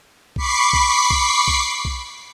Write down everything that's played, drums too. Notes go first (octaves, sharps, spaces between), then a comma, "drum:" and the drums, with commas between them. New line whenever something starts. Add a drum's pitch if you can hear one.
B5 C#6 D6 B6 C7, drum: kick B1
drum: kick B1
drum: kick B1
drum: kick B1
drum: kick B1